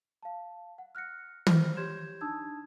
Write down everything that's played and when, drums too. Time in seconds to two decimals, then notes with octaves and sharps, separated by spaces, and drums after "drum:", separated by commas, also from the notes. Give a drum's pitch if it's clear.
0.23 F5 A5
0.78 F#5
0.95 F6 F#6 A#6 C#7
1.47 C5 F6, drum: tom
1.77 G4 C#5 C6 G6 G#6 E7
2.21 D4 D#4 A5 D#6 E6 G#6